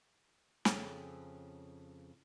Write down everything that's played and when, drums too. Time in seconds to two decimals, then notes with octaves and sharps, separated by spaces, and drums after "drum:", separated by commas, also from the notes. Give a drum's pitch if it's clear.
0.65 F2 C#3 G#4 A4 A5, drum: snare